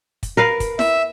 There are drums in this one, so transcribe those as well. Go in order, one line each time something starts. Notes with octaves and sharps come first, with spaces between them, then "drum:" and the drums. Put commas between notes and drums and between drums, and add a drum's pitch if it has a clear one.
drum: kick, hi-hat
A#4 B4 F5
drum: kick, hi-hat
E5, drum: snare E4